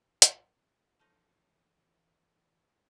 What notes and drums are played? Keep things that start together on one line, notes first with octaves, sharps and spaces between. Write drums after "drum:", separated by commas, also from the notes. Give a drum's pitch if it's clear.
A1 F#2, drum: hi-hat
E3 F3 A3 D#4 A4 C#5